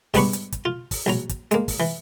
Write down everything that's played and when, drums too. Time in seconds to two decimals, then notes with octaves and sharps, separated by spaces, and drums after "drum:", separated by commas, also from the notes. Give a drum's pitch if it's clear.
0.14 G#2 G3 B3 D4 B5 C#6, drum: kick, open hi-hat
0.33 drum: hi-hat
0.52 drum: kick, hi-hat
0.65 F4
0.91 drum: kick, open hi-hat
1.06 A#1 F#3 A#5
1.29 drum: kick, hi-hat
1.51 G#3 A#3, drum: hi-hat
1.68 drum: kick, open hi-hat
1.80 E3